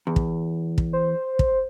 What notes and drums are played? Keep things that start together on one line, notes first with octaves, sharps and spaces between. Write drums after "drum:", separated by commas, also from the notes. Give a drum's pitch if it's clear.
E2
drum: kick
drum: kick
C5
drum: kick